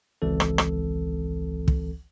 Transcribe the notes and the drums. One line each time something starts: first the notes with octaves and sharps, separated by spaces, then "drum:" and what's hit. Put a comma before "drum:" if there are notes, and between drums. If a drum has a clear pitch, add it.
G#1 C#2 E3 C4 A4
drum: rim click
drum: rim click
drum: kick